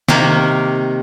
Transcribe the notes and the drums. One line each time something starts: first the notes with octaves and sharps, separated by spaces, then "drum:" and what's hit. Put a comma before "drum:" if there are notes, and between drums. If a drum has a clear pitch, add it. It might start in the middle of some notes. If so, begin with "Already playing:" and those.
C3 D#3 A#3, drum: snare